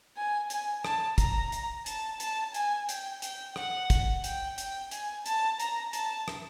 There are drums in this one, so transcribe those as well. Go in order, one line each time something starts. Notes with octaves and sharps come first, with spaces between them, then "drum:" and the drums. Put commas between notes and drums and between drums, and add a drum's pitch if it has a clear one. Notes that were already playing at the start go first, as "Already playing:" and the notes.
G#5
G#5, drum: hi-hat
A5, drum: rim click
A#5, drum: kick, hi-hat
drum: hi-hat
A5, drum: hi-hat
A5, drum: hi-hat
G#5, drum: hi-hat
G5, drum: hi-hat
G5, drum: hi-hat
F#5, drum: rim click
drum: kick, hi-hat
G5, drum: hi-hat
G5, drum: hi-hat
G#5, drum: hi-hat
A5, drum: hi-hat
A#5, drum: hi-hat
A5, drum: hi-hat
drum: rim click